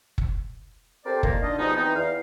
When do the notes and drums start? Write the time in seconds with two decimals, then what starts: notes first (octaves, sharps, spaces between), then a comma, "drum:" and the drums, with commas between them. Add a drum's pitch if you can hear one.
0.18 drum: kick F#1
1.05 C4 G4 A4 A#4 C5 D5
1.23 A#2 D#3 A#3, drum: kick F#1
1.42 D4 D#4 F4 D#5
1.58 B2 F3 G3 G#3 B3 D#4
1.76 E3 C4 D#4
1.95 E2 F5